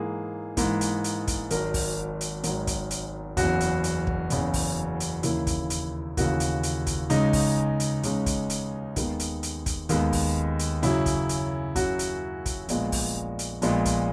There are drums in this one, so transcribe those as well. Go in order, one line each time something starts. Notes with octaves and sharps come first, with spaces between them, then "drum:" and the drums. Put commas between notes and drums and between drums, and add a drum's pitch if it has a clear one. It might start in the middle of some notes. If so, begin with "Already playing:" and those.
Already playing: G#2 E3 A#3 G#4
G#2 E3 A#3, drum: kick, hi-hat
drum: hi-hat
drum: hi-hat
drum: kick, hi-hat
G#1 G#2 D#3 F#3 A#4, drum: hi-hat
drum: kick, open hi-hat
drum: hi-hat
G#1 G#2 D#3 F#3, drum: hi-hat
drum: kick, hi-hat
drum: hi-hat
F#1 E2 C#3 F#4, drum: kick, hi-hat
drum: hi-hat
drum: hi-hat
drum: kick
F#1 E2 C#3, drum: hi-hat
drum: kick, open hi-hat
drum: hi-hat
D#2 C#3 E3 A#3 E4, drum: hi-hat
drum: kick, hi-hat
drum: hi-hat
D#2 C#3 E3 A#3 F#4, drum: kick, hi-hat
drum: hi-hat
drum: hi-hat
drum: kick, hi-hat
C#2 C#3 G#3 C#4 D#4, drum: hi-hat
drum: kick, open hi-hat
drum: hi-hat
C#2 C#3 G#3 C#4, drum: hi-hat
drum: kick, hi-hat
drum: hi-hat
D#2 D#3 G#3 B3, drum: kick, hi-hat
drum: hi-hat
drum: hi-hat
drum: kick, hi-hat
D#2 D#3 G#3 B3, drum: hi-hat
drum: kick, open hi-hat
drum: hi-hat
F#2 C#3 F#3 E4, drum: hi-hat
drum: kick, hi-hat
drum: hi-hat
F#2 C#3 F#3 F#4, drum: kick, hi-hat
drum: hi-hat
drum: kick, hi-hat
A#1 A#2 G#3 B3, drum: hi-hat
drum: kick, open hi-hat
drum: hi-hat
A#1 A#2 G#3 B3, drum: hi-hat
drum: kick, hi-hat